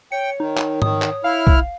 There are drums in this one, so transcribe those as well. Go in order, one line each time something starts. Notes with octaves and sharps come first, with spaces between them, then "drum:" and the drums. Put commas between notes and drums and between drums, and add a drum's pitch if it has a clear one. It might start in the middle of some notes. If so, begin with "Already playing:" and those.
C#5 G5 C#7
D#3 D#4
drum: clap
D#3 D#6, drum: tom G#2
drum: clap
E4 F5 F6
drum: kick